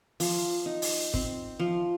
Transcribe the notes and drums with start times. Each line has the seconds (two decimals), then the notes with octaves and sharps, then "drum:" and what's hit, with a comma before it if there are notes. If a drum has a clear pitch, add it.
0.20 F3, drum: open hi-hat
0.66 D#4
0.82 drum: open hi-hat
1.14 C4, drum: kick
1.59 F3